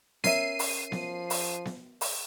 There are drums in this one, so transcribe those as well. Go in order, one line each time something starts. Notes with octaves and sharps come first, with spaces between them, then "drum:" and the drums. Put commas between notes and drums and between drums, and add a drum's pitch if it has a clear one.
C#4 A#4 E5 C7 D#7, drum: snare B3
drum: open hi-hat
F3, drum: snare B3
drum: open hi-hat
drum: snare B3
drum: open hi-hat